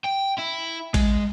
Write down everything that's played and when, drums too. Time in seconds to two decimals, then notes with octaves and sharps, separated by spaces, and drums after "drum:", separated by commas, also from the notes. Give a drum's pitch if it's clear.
0.04 G5
0.38 E4
0.94 G#3, drum: kick A1, cymbal